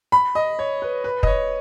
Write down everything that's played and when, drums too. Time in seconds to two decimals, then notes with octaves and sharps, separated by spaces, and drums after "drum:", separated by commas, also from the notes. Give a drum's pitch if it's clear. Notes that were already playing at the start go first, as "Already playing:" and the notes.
0.12 B5
0.35 D#5
0.59 C#5
0.82 B4
1.04 B4
1.23 D#5, drum: kick
1.27 C#5